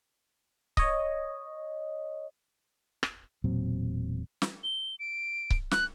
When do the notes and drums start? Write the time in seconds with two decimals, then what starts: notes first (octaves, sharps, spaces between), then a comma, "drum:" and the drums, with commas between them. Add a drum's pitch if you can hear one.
0.77 C#5 D#5, drum: kick C#1
3.03 drum: rim click
3.44 E1 A#2 F#3 C4
4.42 drum: snare
4.63 G7
4.99 D7
5.50 drum: kick C#1
5.71 F#6, drum: snare